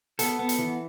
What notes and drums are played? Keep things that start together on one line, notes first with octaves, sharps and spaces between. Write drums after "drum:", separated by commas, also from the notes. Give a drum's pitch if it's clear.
B3 A4, drum: hi-hat
B3
drum: hi-hat
E3